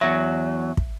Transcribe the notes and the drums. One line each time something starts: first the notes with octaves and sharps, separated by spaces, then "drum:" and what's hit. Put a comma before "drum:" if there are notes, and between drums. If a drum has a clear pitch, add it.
E2 F#3 E5
drum: kick